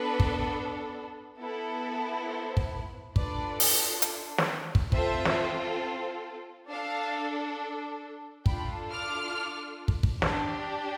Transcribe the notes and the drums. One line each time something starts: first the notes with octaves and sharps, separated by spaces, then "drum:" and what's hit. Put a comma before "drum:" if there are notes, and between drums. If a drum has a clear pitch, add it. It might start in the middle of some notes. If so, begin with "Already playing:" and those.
Already playing: B3 D4 A4 B4
drum: kick
B3 E4 A4
A4 C5
drum: kick
D4 F4 A4 B4 D5, drum: kick
drum: open hi-hat
drum: hi-hat
drum: snare
drum: kick
C4 F4 A4 C5 E5, drum: kick
drum: snare
D4 A4 F5 A5
D4 F4 A4 G5 B5, drum: kick
D6 F6
drum: kick
drum: kick
D4 G4, drum: snare